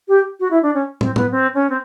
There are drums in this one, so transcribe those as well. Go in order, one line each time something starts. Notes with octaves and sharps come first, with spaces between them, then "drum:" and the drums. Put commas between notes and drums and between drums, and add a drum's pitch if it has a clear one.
G4
F#4
E4
D4
C#4
C4, drum: tom
B3, drum: tom
C4
C#4
C4